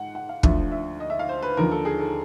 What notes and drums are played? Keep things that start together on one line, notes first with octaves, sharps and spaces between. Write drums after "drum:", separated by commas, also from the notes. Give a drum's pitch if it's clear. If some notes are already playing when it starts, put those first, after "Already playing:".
Already playing: G#2 F#5
F#5
F5
D2 D3 F3 E5, drum: kick
E5
D#5
E5
F5
C5
B4
D#2 D3 F3 A#4
A4
G#4
A4